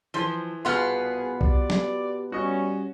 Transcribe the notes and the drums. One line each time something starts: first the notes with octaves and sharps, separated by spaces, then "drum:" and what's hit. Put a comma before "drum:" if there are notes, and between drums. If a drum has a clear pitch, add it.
E3 F3 C5 G7
C2 B2 B3 F4 G#4 C6 F6
G4 D5, drum: kick B1
drum: snare
G3 C#4 F#4 D#5